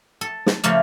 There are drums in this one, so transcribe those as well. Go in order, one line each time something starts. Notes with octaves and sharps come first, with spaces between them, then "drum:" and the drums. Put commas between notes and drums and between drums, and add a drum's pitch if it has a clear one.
A4
drum: snare
C#3 F3 A3 A#3